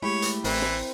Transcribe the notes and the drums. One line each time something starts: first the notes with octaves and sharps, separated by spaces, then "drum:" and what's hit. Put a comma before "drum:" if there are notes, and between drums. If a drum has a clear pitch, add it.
G#3 A3 E4 G4 C#5
drum: hi-hat
A1 E3 C4 A#4, drum: open hi-hat
drum: snare